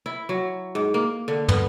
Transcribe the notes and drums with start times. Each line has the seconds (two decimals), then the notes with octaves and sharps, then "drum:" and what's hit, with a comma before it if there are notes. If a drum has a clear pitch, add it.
0.06 E4
0.29 F#3
0.75 G#2
0.94 A#3
1.28 D3
1.48 B3, drum: tom